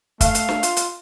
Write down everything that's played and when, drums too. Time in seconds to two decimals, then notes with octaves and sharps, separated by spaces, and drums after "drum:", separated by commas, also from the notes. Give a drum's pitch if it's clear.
0.21 A3 F5, drum: kick, hi-hat
0.35 drum: hi-hat
0.49 drum: snare
0.63 F4, drum: hi-hat
0.77 drum: hi-hat